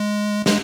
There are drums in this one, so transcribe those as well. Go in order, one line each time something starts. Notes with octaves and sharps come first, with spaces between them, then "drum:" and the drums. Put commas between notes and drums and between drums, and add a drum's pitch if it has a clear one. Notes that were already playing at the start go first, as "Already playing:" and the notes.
Already playing: G#3
G#3, drum: snare